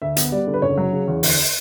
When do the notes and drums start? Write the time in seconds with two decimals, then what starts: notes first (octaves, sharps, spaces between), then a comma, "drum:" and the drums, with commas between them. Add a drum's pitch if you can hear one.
0.02 D2 E5
0.17 B3, drum: hi-hat
0.32 G3 D5
0.47 D3
0.54 B4
0.62 F#1 C#5
0.78 F#3
0.93 C#3
1.08 E2
1.23 D2, drum: open hi-hat